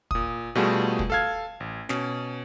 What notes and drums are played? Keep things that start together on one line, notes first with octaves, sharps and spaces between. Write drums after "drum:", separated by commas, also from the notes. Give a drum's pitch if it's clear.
A#2 D#6, drum: kick
B2 G3 A3 F4 F#4 G#4
drum: kick
A4 F5 G#6
A1
B2 C#4, drum: snare